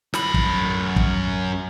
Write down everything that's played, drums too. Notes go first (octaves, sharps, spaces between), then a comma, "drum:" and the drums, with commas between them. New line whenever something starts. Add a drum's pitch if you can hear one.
F#2 B5, drum: snare
drum: kick
drum: kick